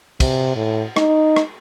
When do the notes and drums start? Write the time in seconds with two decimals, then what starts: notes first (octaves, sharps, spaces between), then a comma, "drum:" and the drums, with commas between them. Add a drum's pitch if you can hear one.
0.20 C3, drum: kick, cymbal
0.56 A2
0.96 D#4, drum: rim click
1.36 drum: rim click